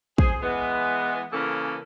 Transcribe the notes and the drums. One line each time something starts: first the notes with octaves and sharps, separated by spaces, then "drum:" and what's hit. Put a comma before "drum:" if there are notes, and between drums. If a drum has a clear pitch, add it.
G#4 C5, drum: kick
E3 G#3 B3
C#3 E3 A#3 C#4 A4 A#4